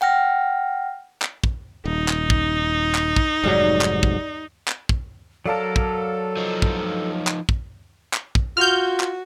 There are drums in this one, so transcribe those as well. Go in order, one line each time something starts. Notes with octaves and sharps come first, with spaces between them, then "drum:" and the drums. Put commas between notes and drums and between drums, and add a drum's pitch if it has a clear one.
F#5 G5 F6 A#6
drum: clap
drum: kick
D#1 D#4
drum: clap
drum: kick
drum: clap
drum: kick
F1 G#2 F#3 G3
drum: clap
drum: kick
drum: clap
drum: kick
F#3 A4 A#4 D5 F5 A5
drum: kick
F3 D#4
drum: kick
drum: clap
drum: kick
drum: clap
drum: kick
F4 F#4 F6 G6
drum: clap